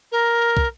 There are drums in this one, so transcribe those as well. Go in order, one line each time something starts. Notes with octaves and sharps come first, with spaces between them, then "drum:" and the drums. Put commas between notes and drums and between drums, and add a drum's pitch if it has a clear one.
A#4
drum: kick